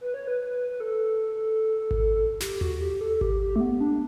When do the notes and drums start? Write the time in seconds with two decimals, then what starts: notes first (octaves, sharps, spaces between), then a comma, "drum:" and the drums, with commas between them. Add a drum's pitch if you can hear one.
0.01 B4
0.14 C#5
0.27 B4
0.41 B4
0.70 B4
0.80 A4
1.91 drum: kick G#1
2.40 G4, drum: snare
2.61 F#4, drum: tom D#2
2.81 G4
3.01 A4
3.16 A4
3.21 G4, drum: kick G#1
3.41 G4
3.56 A3
3.61 B3
3.81 D4